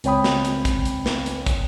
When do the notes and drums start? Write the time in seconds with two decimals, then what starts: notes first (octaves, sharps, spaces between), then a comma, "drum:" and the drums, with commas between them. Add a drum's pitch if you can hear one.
0.04 C#2 C4 C#5 G5 B5 D#6, drum: hi-hat
0.24 drum: snare
0.45 drum: hi-hat
0.65 drum: kick, hi-hat
0.85 drum: hi-hat
1.06 drum: snare
1.26 drum: hi-hat
1.47 drum: kick, hi-hat